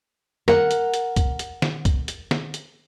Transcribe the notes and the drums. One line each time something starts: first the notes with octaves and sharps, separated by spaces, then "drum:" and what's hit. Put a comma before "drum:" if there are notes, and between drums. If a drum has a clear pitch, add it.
A#4 F#5, drum: snare
drum: hi-hat
drum: hi-hat
drum: kick, hi-hat
drum: hi-hat
drum: snare
drum: kick, hi-hat
drum: hi-hat
drum: snare
drum: hi-hat